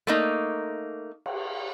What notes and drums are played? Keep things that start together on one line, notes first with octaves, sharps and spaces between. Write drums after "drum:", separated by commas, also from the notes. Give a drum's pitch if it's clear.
A3 A#3 D#4
drum: cymbal